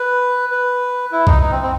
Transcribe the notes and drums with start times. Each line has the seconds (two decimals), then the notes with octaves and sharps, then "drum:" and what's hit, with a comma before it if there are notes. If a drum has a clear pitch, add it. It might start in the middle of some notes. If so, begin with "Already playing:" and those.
Already playing: B4
0.51 B4
1.12 E4
1.27 D#4, drum: kick
1.42 D#4
1.52 C4
1.62 C4